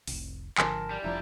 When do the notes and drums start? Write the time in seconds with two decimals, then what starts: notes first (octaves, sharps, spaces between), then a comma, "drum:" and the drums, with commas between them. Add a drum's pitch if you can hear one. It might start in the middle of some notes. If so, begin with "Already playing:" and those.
0.07 F1 C2, drum: open hi-hat
0.58 G#1 D3 F3 A#4 G#5 A5 C6, drum: clap
0.91 G3
1.04 F1 F3 D4 E4 A#5